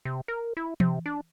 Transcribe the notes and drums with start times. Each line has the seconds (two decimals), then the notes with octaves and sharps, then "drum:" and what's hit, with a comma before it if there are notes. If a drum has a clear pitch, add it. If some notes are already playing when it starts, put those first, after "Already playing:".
0.05 C3
0.28 A#4
0.57 E4
0.80 C3, drum: tom E3
1.06 D4